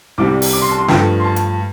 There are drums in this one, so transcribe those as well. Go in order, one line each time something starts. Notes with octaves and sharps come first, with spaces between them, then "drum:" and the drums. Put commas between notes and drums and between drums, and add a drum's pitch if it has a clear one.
C2 C3 G3 D6
drum: open hi-hat
D6
C6
A5
C6
G2 F3 A3 G5, drum: snare
C6
A5
drum: hi-hat